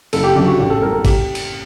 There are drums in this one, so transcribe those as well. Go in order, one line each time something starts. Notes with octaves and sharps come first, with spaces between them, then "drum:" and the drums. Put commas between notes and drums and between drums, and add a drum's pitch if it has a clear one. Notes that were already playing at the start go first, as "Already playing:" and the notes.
F#1 A4, drum: cymbal
G4
F#2 D3 F#3 G4
F#4
A1 G4
A4
A2 G3 A#4
A#4
G4, drum: kick G#1, cymbal
drum: cymbal